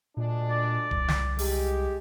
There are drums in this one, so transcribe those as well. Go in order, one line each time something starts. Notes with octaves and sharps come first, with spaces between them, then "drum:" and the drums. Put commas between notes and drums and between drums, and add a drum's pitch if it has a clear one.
D2 A#2 G#3 D4
D5
C2, drum: kick D#1
drum: snare
G#3 G4, drum: open hi-hat